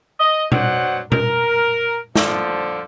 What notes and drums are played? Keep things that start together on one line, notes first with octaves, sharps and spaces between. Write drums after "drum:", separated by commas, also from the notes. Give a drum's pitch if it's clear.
D#5
B2 F#3 D4 C5 F#5, drum: tom B2
A#4, drum: tom B2
D3 F3, drum: snare